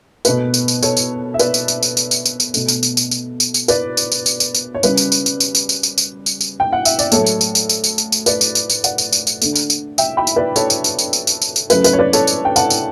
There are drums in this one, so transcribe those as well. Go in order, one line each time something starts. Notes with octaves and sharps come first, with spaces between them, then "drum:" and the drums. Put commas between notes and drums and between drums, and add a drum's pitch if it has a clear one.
B2 A3 B4, drum: tambourine
drum: tambourine
drum: tambourine
A4 C#5, drum: tambourine
drum: tambourine
E5
B4 D5, drum: tambourine
drum: tambourine
drum: tambourine
drum: tambourine
drum: tambourine
drum: tambourine
drum: tambourine
drum: tambourine
B2 A3, drum: tambourine
drum: tambourine
drum: tambourine
drum: tambourine
drum: tambourine
drum: tambourine
drum: tambourine
B4 D5, drum: tambourine
drum: tambourine
drum: tambourine
drum: tambourine
drum: tambourine
drum: tambourine
C#5
C#3 G3 B4, drum: tambourine
drum: tambourine
drum: tambourine
drum: tambourine
drum: tambourine
drum: tambourine
drum: tambourine
drum: tambourine
drum: tambourine
drum: tambourine
drum: tambourine
G5
F#5
E5, drum: tambourine
D5, drum: tambourine
A2 F#3 A3 A4 C#5, drum: tambourine
drum: tambourine
drum: tambourine
drum: tambourine
drum: tambourine
drum: tambourine
drum: tambourine
drum: tambourine
B4 D5, drum: tambourine
drum: tambourine
drum: tambourine
drum: tambourine
D5 F#5, drum: tambourine
drum: tambourine
drum: tambourine
drum: tambourine
D3 A3, drum: tambourine
drum: tambourine
drum: tambourine
E5 G5, drum: tambourine
G5 B5
drum: tambourine
B4 D5
A4 C#5, drum: tambourine
drum: tambourine
drum: tambourine
drum: tambourine
drum: tambourine
drum: tambourine
drum: tambourine
drum: tambourine
C#3 F#3 A3 B4, drum: tambourine
B4, drum: tambourine
C#5
B4 D5
A4 C#5, drum: tambourine
drum: tambourine
G5
F#5 A5, drum: tambourine
drum: tambourine